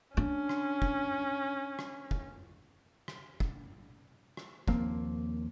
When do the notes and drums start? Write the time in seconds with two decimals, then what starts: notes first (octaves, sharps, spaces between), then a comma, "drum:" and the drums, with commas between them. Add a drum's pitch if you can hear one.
0.17 C#4 D4
0.49 drum: rim click
0.82 drum: kick
1.79 drum: rim click
2.11 drum: kick
3.08 drum: rim click
3.40 drum: kick
4.37 drum: rim click
4.68 D#2 F3 A#3 C4, drum: kick